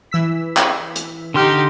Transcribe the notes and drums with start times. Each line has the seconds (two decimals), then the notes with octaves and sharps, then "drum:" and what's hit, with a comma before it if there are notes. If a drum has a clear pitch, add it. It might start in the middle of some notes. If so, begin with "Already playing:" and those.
0.11 E3 E6 B6
0.57 drum: clap
0.96 drum: hi-hat
1.34 D3 D#4 G4 C6 F6